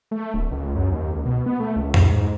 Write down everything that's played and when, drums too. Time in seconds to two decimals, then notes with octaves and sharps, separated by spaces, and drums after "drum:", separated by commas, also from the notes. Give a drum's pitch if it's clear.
0.11 A3
0.34 D1
0.51 C#2
0.75 F#2
0.92 D#2
1.13 C#2
1.25 B2
1.46 B3
1.60 A3
1.76 C#2
1.94 A2, drum: tom F2
2.11 G#2